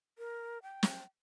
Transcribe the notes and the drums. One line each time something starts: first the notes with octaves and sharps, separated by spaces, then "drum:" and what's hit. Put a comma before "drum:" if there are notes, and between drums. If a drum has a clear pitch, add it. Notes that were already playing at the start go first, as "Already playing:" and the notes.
A#4
G5
drum: snare